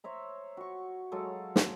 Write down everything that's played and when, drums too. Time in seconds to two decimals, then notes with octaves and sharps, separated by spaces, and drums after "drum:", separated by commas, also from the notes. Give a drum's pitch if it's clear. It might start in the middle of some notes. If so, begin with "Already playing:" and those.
0.04 C5 C#5 E5 A#5
0.57 F#4 C#6
1.12 F#3 G#3 A4 F5
1.56 drum: snare